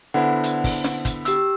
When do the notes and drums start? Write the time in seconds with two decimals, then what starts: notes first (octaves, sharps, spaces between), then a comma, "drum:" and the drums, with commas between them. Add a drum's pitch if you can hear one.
0.14 D3 B3 E4 C5 F#5
0.44 drum: hi-hat
0.64 drum: kick, open hi-hat
0.84 drum: snare
1.05 drum: kick, hi-hat
1.25 G4 E6, drum: hi-hat